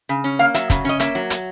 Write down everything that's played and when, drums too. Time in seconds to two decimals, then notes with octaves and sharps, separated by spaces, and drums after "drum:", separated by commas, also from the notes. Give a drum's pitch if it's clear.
0.09 C#3
0.24 C#4
0.39 A#3 F5
0.54 F#3 E5, drum: hi-hat
0.70 C#3, drum: kick, hi-hat
0.85 C#4 D#5
1.00 A#3 E5, drum: hi-hat
1.15 F#3
1.30 drum: hi-hat